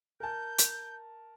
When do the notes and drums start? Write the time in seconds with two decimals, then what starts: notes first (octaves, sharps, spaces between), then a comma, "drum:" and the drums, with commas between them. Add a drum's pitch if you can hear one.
0.20 A#4 A5 G6
0.58 drum: hi-hat